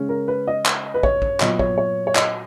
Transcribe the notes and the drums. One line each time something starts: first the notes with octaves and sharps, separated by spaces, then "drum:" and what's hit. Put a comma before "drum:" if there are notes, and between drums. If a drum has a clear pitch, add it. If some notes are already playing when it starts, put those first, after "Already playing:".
Already playing: C#3 G#3 C#4
A#4
B4
D#5
drum: clap
B4
C#5, drum: kick
drum: kick
A#2 F#3 B3 D#5, drum: clap
C#5, drum: kick
C#5
C#5
D#5, drum: clap